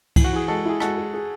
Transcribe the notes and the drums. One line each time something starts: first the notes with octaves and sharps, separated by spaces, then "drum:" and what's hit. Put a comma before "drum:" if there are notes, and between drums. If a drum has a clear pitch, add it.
E3, drum: kick C2, cymbal
F#4
E3 G#4
G#3 F#4 A4
E4 G#4
G#3 F#4 A4, drum: rim click
G#4
G#4